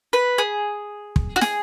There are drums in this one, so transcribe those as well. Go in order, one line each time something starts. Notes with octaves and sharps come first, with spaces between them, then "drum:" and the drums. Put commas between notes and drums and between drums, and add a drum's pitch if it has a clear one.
B4
G#4
drum: kick
F#4
G#4, drum: snare